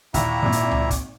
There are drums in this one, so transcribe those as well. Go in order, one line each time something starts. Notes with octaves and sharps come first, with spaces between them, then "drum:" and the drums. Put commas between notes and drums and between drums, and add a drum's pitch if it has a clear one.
D#2 A#2 E4 E5 A#5, drum: kick, hi-hat
G#1 A#2
drum: hi-hat
drum: tom C#2
drum: kick, hi-hat